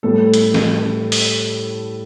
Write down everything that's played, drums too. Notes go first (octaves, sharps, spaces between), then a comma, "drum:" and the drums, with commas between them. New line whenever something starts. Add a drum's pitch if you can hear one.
A2 G3 A4
drum: hi-hat
drum: snare
drum: open hi-hat